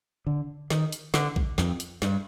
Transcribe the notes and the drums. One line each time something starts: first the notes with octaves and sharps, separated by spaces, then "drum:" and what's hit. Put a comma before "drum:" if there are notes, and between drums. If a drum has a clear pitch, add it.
D3
D#3, drum: snare
drum: hi-hat
D3, drum: snare
drum: kick A#1
F2, drum: snare
drum: hi-hat
G2, drum: snare